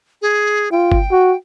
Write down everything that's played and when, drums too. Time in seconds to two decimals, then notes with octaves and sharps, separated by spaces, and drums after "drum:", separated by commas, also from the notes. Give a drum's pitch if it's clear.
0.22 G#4
0.72 F4 G5
0.92 drum: kick G1
1.11 F#4